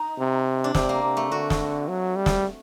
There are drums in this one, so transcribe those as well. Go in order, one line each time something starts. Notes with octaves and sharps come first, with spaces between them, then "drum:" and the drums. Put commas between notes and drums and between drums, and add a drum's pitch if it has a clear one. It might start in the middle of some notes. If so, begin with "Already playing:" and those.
Already playing: D#4
C3
D4
C3 C4, drum: snare
A#3
C3
A3
D3 F#4
drum: snare
F#3
G3
drum: snare